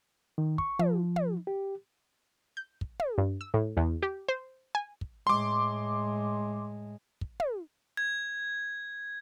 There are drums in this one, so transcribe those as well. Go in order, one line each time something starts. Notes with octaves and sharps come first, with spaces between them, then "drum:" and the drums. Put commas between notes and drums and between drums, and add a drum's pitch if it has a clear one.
D#3
C#6, drum: kick
F3, drum: tom
drum: tom
G4
G6
drum: kick
drum: tom
G2
E6
A2
E2
G4
C5
G#5
drum: kick
A2 G#3 C6 D6
drum: kick
drum: tom
G#6